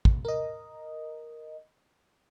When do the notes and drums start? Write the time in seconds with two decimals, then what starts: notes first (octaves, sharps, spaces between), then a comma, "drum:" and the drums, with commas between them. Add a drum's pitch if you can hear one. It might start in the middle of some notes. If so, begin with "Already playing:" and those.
0.05 drum: kick
0.25 A#4 D#5